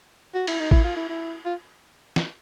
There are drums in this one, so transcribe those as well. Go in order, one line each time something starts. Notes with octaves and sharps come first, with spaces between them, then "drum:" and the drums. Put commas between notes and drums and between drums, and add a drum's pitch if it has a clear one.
F#4
E4, drum: cymbal
D#4
E4, drum: kick A1
F4
E4
E4
F4
drum: snare